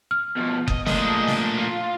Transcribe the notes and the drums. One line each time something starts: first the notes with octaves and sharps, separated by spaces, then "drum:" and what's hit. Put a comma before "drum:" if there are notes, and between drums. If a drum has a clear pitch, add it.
F6
B2 F3
D#5, drum: kick F#1
F3 A3 A#3 D4 G#4 D#5, drum: snare
drum: snare
F4